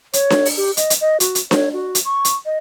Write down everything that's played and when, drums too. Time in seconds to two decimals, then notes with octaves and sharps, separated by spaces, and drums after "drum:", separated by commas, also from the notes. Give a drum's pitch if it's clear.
0.13 C#5, drum: hi-hat
0.30 drum: snare D4
0.45 drum: open hi-hat
0.57 G4
0.77 D#5, drum: hi-hat
0.90 drum: hi-hat
1.01 D#5
1.20 F#4, drum: hi-hat
1.35 drum: hi-hat
1.51 C#5, drum: snare D4
1.74 F#4
1.95 drum: hi-hat
2.05 C#6
2.25 drum: hi-hat
2.46 D#5